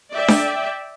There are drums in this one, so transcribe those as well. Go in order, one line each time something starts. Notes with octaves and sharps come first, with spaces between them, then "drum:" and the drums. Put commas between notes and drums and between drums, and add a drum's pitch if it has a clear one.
D5 E5 G5
drum: snare D4